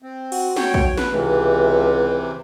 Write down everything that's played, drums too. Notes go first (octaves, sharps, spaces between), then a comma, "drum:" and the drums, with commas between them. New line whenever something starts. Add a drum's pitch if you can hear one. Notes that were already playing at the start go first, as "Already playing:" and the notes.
C4
F#4, drum: cymbal
C#5 G5, drum: snare
drum: kick
B4, drum: snare
C#2 C3 E3